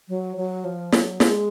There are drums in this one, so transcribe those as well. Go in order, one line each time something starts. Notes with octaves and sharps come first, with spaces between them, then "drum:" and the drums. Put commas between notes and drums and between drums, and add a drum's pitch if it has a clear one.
F#3
F#3
F3
F#3, drum: snare
G#3, drum: snare